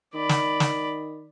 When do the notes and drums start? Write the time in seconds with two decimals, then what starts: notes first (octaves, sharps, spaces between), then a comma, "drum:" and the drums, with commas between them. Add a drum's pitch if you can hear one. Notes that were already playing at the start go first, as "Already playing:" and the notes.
0.14 D#3 D5 B5
0.29 drum: snare
0.60 drum: snare